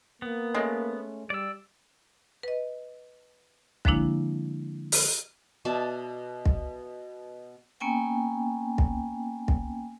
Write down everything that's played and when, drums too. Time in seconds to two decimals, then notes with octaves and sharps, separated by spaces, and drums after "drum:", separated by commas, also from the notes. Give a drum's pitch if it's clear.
0.22 A#3 B3
0.55 G#3 A3 C#4
1.30 G3 D5 E6
2.43 B4 D#5
3.85 D3 F3 G#3 A#3 D4 E4, drum: kick
4.92 drum: open hi-hat
5.65 B2 D5 E5 A5
6.45 drum: kick
7.80 A#3 B3 C#4 G5 G#5
8.78 drum: kick
9.48 drum: kick